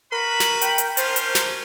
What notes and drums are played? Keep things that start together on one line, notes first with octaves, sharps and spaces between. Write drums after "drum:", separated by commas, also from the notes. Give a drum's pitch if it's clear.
F#4 A#4 B4 B5
drum: snare
G5, drum: hi-hat
drum: hi-hat
C#4 D4 F4 C5, drum: hi-hat
drum: hi-hat
drum: snare